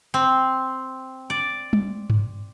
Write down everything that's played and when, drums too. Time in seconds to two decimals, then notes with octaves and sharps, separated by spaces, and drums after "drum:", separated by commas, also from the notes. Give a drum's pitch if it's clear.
0.14 C4
1.30 D5
1.73 drum: tom G3
2.10 drum: tom G2